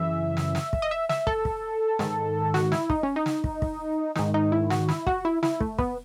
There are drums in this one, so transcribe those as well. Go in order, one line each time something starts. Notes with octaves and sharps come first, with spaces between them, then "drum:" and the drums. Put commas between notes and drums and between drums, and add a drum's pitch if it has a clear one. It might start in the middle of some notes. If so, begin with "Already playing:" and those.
Already playing: F#2 C#3 E3 E5
drum: snare
drum: snare
drum: kick
D#5
E5
E5, drum: snare
A4, drum: kick
drum: kick
G#2 D#3, drum: snare
F#4, drum: snare
E4, drum: snare
D#4, drum: kick
C#4
D#4
drum: snare
drum: kick
drum: kick
G#2 D#3 D#4, drum: snare
D#4
E4
F#4, drum: snare
E4, drum: snare
F#4, drum: kick
E4
E4, drum: snare
A3, drum: kick
B3, drum: kick